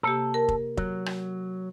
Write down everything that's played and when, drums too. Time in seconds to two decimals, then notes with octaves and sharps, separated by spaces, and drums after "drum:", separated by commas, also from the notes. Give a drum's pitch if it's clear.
0.03 C3 A#3 G4 A4
0.34 A#4
0.49 drum: kick F1
0.77 F#3, drum: kick F1
1.06 drum: rim click